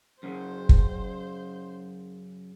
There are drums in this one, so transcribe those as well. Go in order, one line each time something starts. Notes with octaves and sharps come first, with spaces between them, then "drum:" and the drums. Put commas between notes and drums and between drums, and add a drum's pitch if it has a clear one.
F#2 C#3 C5
drum: kick